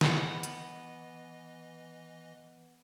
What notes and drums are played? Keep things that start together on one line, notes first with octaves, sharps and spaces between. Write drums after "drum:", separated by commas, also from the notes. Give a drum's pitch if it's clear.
E3 B3 D#5, drum: snare
drum: hi-hat